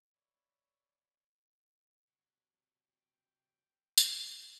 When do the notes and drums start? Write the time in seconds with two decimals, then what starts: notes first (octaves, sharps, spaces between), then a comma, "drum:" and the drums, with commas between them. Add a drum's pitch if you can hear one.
0.13 C#5 D5 E5 B5
2.08 C3 F#3 F#5
2.78 G5
3.98 G#2 C3 D#5, drum: tambourine